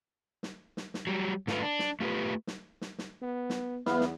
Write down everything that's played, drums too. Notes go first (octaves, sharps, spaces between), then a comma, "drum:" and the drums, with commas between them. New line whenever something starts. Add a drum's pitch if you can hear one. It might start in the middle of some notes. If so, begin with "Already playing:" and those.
drum: snare
drum: snare
drum: snare
F#3 G3
G#2 A3 F4 B4 F5, drum: snare
D4
drum: snare
A3 F4 G4 B4
drum: snare
drum: snare
drum: snare
B3
drum: snare
E2 B3 E4 B4 F5, drum: snare
drum: snare